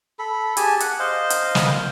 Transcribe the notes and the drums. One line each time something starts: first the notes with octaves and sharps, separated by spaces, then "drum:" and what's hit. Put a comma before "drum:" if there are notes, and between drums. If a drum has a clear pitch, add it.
A4 B5
G4 G#4 G#5 A5, drum: hi-hat
F#5, drum: hi-hat
C5 D#5 F5
drum: hi-hat
drum: snare